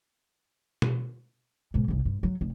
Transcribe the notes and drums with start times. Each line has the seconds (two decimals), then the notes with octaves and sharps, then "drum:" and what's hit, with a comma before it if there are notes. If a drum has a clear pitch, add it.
0.82 drum: tom B2
1.74 G#2 B2
1.88 G1 C2
2.05 G2
2.23 F#3
2.41 F1